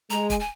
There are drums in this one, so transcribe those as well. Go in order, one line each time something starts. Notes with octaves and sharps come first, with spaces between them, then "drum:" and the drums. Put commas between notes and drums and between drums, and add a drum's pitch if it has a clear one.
G#3 A#5, drum: hi-hat
G#5, drum: kick, hi-hat
G#5